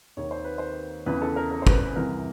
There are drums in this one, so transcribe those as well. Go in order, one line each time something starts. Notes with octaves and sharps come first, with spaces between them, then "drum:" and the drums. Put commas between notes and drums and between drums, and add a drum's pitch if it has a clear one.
D#2 D#3 C#5
C5
B4
C5
E2 C#3 E3 B4
A4
A#4
A#4
C5
B4, drum: kick
B4
C2 C3 E3 A#4